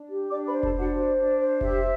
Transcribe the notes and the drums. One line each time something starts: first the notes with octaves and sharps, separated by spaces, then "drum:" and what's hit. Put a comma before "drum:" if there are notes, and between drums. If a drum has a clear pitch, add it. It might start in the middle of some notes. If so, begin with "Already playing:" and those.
Already playing: D4
G4
D4 D5 D6
B4 B5
C5
A4 A5, drum: kick F1
D4 F#4 F#5
C5
D4
C5
G4 E5, drum: kick F1